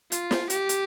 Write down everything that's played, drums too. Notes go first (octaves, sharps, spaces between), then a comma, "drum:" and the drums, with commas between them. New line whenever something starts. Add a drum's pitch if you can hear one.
F4, drum: hi-hat
drum: snare
G4, drum: hi-hat
drum: hi-hat